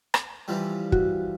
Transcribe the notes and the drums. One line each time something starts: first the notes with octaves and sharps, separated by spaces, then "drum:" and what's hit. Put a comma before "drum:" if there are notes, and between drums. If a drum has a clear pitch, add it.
drum: rim click
E3 F3 G3
F#4, drum: kick